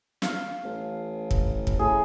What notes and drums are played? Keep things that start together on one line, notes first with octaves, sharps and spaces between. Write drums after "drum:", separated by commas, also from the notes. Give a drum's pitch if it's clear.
F5, drum: snare
A1
drum: kick
drum: kick
A2 G#4